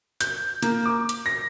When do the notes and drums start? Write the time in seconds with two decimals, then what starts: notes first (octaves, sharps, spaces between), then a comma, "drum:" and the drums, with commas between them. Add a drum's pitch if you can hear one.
0.21 G6, drum: hi-hat
0.62 A#3, drum: hi-hat
0.86 D6
1.09 drum: hi-hat
1.26 A#6